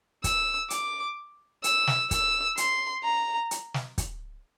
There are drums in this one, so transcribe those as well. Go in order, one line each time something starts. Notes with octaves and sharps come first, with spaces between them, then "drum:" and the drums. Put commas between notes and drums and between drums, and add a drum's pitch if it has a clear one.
E6, drum: kick, hi-hat
D6, drum: hi-hat
E6, drum: hi-hat
drum: snare
E6, drum: kick, hi-hat
C6, drum: hi-hat
A#5
drum: hi-hat
drum: snare
drum: kick, hi-hat